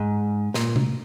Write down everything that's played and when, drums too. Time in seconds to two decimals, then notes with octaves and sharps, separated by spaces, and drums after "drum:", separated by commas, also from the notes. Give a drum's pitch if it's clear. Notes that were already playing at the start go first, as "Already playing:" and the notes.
Already playing: G#2
0.54 A#2, drum: snare
0.76 drum: tom C3